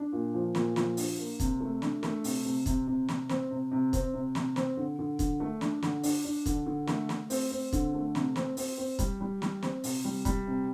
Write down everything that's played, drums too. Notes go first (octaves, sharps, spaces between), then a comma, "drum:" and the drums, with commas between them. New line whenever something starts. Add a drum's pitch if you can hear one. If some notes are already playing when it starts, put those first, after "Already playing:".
Already playing: D4
A#2
F3
A#2, drum: snare
F3, drum: snare
D4, drum: open hi-hat
A#3
C3, drum: kick, hi-hat
A3
D4, drum: snare
A3, drum: snare
C3, drum: open hi-hat
C3
C3, drum: kick, hi-hat
C3
C3, drum: snare
C4, drum: snare
C3
C3
C4, drum: kick, hi-hat
C3
C3, drum: snare
C4, drum: snare
D3
D3
D3, drum: kick, hi-hat
A3
D4, drum: snare
D3, drum: snare
D4, drum: open hi-hat
D4
D3, drum: kick, hi-hat
D3
A3, drum: snare
A3, drum: snare
C4, drum: open hi-hat
C4
D3, drum: kick, hi-hat
A3
C3, drum: snare
C4, drum: snare
C4, drum: open hi-hat
C4
G3, drum: kick, hi-hat
G3
G3, drum: snare
C4, drum: snare
C3, drum: open hi-hat
G3
G3, drum: kick, hi-hat
C3